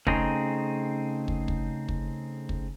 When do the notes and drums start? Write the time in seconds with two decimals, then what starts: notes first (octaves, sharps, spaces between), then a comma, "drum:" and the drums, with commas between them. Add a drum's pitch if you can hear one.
0.07 C#3 A3 C4 D#4 G#4, drum: kick
1.28 drum: kick
1.48 drum: kick
1.89 drum: kick
2.49 drum: kick